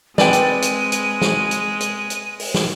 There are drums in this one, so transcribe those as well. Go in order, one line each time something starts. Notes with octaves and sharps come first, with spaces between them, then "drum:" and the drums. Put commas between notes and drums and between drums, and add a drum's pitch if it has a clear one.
G#3 C4 B4 D5 G5 G#5 D#7, drum: snare
drum: hi-hat
drum: hi-hat
drum: hi-hat
drum: snare
drum: hi-hat
drum: hi-hat
drum: hi-hat
drum: open hi-hat
drum: snare